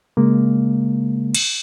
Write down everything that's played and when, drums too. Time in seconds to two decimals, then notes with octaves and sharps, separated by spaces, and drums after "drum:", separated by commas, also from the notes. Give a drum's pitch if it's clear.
0.17 C#3 G#3 A#3
1.35 drum: cymbal